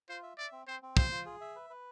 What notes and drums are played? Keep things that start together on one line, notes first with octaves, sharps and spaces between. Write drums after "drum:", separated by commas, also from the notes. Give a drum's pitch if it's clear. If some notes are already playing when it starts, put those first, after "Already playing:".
F4 C5
E5
D5 E5
C4
C4 C5
C4
F4 C5, drum: kick
F4
G#4
E5
B4
B4